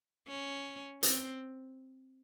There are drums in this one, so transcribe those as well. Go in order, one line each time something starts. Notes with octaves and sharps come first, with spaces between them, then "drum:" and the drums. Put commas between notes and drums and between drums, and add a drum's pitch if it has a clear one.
C#4
C4, drum: hi-hat